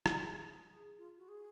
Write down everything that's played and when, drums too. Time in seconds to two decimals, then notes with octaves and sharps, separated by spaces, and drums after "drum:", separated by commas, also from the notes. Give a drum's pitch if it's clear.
0.06 F#4, drum: rim click
0.22 G#4
0.98 F4
1.18 F#4
1.28 G#4